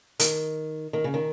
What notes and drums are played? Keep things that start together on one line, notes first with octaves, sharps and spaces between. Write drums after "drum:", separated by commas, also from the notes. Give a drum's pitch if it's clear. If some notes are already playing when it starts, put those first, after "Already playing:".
D#3, drum: hi-hat
D#3
C#3
D#3